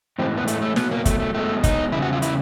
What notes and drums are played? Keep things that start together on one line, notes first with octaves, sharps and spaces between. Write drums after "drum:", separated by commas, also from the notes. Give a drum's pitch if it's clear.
A2 E3 G#3 C4
B3
A3, drum: hi-hat
A3
B2 F#3 B3, drum: snare
A#3
A3, drum: kick, hi-hat
A3
B2 G#3 A3
D#4, drum: kick, hi-hat
E2 C#3 G3 E4
F#4
F4
E4, drum: hi-hat